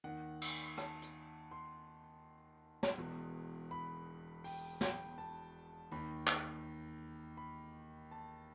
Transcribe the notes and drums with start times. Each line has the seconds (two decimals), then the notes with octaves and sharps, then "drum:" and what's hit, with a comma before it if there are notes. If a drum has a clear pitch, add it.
0.04 D#2 D#3 F#5
0.41 drum: cymbal
0.78 A5, drum: rim click
1.02 drum: hi-hat
1.51 C6
2.83 drum: snare
2.98 E1 E2 B2
3.71 B5
4.44 G5, drum: open hi-hat
4.81 G5, drum: snare
5.18 A5
5.92 D#2 D#3 B5
6.27 drum: clap
7.37 B5
8.11 A5